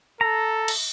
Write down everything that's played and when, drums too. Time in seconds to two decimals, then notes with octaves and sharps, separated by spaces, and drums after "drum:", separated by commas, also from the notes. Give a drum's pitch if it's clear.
0.21 A4 A#5
0.68 drum: cymbal